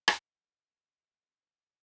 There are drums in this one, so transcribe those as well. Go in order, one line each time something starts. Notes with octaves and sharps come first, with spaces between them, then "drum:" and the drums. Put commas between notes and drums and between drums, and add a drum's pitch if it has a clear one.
drum: rim click
E5
F#5
D7
E7
C6
E5
C6
C5
E6